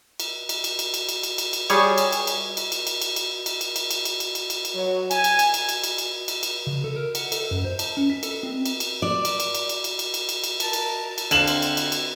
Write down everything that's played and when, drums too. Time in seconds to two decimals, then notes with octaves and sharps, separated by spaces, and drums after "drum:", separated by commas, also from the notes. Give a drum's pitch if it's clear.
0.20 drum: cymbal
0.49 drum: cymbal
0.64 drum: cymbal
0.79 drum: cymbal
0.94 drum: cymbal
1.09 drum: cymbal
1.23 drum: cymbal
1.38 drum: cymbal
1.53 drum: cymbal
1.70 G3 G#4 C#5, drum: cymbal
1.98 drum: cymbal
2.12 drum: cymbal
2.27 drum: cymbal
2.57 drum: cymbal
2.72 drum: cymbal
2.87 drum: cymbal
3.02 drum: cymbal
3.16 drum: cymbal
3.46 drum: cymbal
3.61 drum: cymbal
3.76 drum: cymbal
3.91 drum: cymbal
4.05 drum: cymbal
4.20 drum: cymbal
4.35 drum: cymbal
4.50 drum: cymbal
4.65 drum: cymbal
4.74 F#3
5.11 G#5, drum: cymbal
5.24 drum: cymbal
5.39 drum: cymbal
5.54 drum: cymbal
5.69 drum: cymbal
5.84 drum: cymbal
5.98 drum: cymbal
6.28 drum: cymbal
6.43 drum: cymbal
6.67 C#3
6.84 A4
6.96 A#4
7.15 F#5, drum: cymbal
7.32 A4, drum: cymbal
7.51 F#2
7.65 C5
7.79 A5, drum: cymbal
7.97 C#4
8.10 B6
8.23 A4, drum: cymbal
8.43 C4
8.65 drum: cymbal
8.80 drum: cymbal
9.02 D5
9.25 drum: cymbal
9.40 drum: cymbal
9.55 drum: cymbal
9.69 drum: cymbal
9.84 drum: cymbal
9.99 drum: cymbal
10.14 drum: cymbal
10.29 drum: cymbal
10.44 drum: cymbal
10.60 A#4 A5, drum: cymbal
10.73 drum: cymbal
11.18 drum: cymbal
11.31 D3 C4 F5 E7 F#7, drum: cymbal
11.47 drum: cymbal
11.62 drum: cymbal
11.77 drum: cymbal
11.92 drum: cymbal